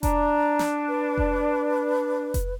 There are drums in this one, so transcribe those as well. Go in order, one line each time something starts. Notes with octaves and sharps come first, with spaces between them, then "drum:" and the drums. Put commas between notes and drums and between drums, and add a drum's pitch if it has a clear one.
D4 A#5, drum: kick F1, hi-hat
drum: snare
B4
drum: kick F1
drum: kick F1, hi-hat